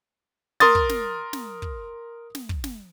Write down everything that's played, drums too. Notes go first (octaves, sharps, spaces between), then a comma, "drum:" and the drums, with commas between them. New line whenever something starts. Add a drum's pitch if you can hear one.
A#4 C6 D#6 A6, drum: snare
drum: kick
drum: snare
drum: snare
drum: kick
drum: snare
drum: kick
drum: snare